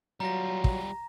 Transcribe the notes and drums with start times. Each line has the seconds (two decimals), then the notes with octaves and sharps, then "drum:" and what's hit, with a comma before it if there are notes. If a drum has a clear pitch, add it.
0.20 F#3 G3 F4 A#5 A#6
0.64 drum: kick